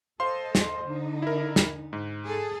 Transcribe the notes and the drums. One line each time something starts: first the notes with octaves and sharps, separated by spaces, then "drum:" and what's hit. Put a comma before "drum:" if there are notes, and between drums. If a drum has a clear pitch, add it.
A4 C5 D#5 F5 C6
drum: snare
D3 D#4
E4 A#4
drum: snare
G#2
G#4 A4